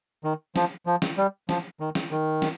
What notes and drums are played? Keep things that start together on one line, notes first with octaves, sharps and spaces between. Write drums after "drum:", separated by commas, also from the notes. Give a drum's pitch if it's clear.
D#3
F3, drum: snare
F3
drum: snare
G3
F3, drum: snare
D#3
drum: snare
D#3
drum: snare